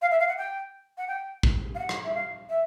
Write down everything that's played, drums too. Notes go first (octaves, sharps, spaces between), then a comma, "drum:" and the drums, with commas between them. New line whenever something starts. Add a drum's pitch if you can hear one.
F5
E5
F5
F#5
G5
F#5
G5
drum: kick
F5
F#5
drum: rim click
E5
F5
E5